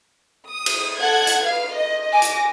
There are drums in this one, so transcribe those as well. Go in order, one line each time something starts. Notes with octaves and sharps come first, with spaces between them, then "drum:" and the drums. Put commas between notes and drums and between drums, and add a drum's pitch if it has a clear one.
D#6
drum: cymbal
A4 F#5 G#6
drum: hi-hat
B4 F5
D#5
G#5 D6 A#6
drum: hi-hat